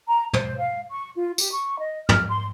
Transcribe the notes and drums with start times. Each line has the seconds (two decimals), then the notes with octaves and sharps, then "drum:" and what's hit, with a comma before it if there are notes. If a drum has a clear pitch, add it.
0.08 A#5
0.33 C5, drum: tom
0.58 F5
0.91 C#6
1.15 F4
1.38 G4, drum: tambourine
1.51 C#6
1.79 D#5
2.09 F6, drum: tom
2.28 C6